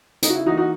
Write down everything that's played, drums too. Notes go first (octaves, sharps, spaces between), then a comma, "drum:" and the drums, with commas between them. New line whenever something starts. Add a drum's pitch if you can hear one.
C#3 D#4, drum: hi-hat
F#4
E4
E3 D#4 F#4
A#3
D#4 F#4